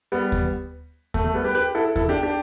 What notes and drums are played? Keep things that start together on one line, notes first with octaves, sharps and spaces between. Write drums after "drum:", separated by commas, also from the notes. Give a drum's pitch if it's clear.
G3 B3
drum: kick
A3, drum: kick
A3
G3 B3
G4 B4
G4 B4
E4 A4
E4 A4, drum: kick
D4 G4
D4 G4